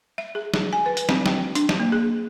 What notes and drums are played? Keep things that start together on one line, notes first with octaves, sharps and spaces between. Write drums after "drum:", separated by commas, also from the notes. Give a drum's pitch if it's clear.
E5
G#4
G#4, drum: snare
G#5
B4
drum: hi-hat
C4, drum: snare
G5, drum: snare
D4, drum: hi-hat
drum: snare
A#3
G#4